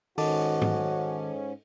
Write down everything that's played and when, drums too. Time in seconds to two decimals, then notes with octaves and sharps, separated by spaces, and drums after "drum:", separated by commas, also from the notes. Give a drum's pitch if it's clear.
0.18 G#2 D#3 C#4 F#4 A4 D#5 A5 D6, drum: open hi-hat
0.62 drum: tom G#2